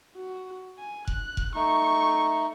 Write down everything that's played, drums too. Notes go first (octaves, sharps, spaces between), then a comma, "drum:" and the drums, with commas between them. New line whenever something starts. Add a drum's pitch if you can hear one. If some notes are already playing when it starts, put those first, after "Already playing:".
F#4
G#5
F#6, drum: kick F1
drum: kick F1
A3 D#4 C#6